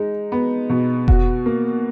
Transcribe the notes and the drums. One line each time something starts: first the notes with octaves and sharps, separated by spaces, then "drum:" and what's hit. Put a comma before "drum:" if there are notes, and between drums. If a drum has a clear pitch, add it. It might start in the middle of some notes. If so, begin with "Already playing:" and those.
Already playing: G#3 D#4
B3
B2
F#4, drum: kick F1
A#3